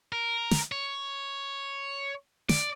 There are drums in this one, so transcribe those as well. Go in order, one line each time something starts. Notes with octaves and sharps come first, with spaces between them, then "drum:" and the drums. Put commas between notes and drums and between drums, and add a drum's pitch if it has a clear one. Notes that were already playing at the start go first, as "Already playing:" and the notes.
A#4
drum: snare
C#5
D5, drum: snare